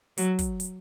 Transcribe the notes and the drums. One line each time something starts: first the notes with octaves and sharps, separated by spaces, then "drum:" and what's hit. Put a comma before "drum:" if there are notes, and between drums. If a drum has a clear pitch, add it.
F#3, drum: hi-hat
drum: kick, hi-hat
drum: hi-hat